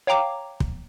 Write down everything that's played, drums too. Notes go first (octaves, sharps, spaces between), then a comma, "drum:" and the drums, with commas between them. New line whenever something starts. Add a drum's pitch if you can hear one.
C#5 F5 G5 A#5 D6
drum: kick